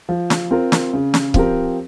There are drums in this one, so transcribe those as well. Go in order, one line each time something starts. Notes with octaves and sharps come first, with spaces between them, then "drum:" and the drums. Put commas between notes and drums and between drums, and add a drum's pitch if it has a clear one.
F3
drum: snare
C4 F4 A#4
drum: snare
C#3
drum: snare
F3 C4 G4 A#4, drum: kick C#1